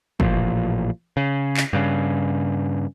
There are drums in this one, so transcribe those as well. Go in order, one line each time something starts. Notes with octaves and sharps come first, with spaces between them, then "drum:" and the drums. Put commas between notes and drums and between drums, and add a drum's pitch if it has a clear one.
A1 A#2 F3, drum: kick
C#3
drum: clap
G2 C#3